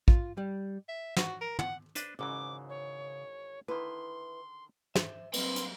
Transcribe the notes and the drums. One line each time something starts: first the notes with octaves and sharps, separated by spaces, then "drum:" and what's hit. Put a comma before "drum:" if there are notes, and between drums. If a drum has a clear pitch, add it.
F4, drum: kick
G3
E5
F#4, drum: snare
A#4
F#5, drum: tom
D4 B4 C5, drum: hi-hat
G#1 G#2 C#3 E3 D6
C#5
D3 D#3 E4 B4 C6
C5 E5, drum: snare
D3 F#3 G3 A#3 C4 B4 F5 C6, drum: cymbal
drum: hi-hat